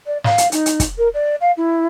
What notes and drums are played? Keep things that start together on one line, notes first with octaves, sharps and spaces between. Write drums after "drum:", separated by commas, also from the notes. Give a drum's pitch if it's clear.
D5
F5, drum: snare
drum: hi-hat
D#4, drum: hi-hat
drum: hi-hat
drum: kick, hi-hat
A#4
D5
F5
E4